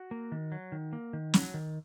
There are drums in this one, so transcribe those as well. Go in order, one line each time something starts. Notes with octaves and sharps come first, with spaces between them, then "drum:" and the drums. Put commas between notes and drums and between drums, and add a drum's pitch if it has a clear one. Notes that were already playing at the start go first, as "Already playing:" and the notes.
Already playing: F#4
A#3
D#3
F#3
D#3
A#3
D#3
F#3, drum: snare
D#3